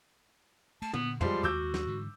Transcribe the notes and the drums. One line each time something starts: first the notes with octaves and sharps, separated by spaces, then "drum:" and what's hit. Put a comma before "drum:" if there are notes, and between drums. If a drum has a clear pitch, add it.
A3 A5, drum: cymbal
A#2 D3 B3, drum: tom
F3 G3 G#3 C6, drum: tom
D#2 G#3 F#4 D6 E6 G6
drum: snare
G#2 D3 E3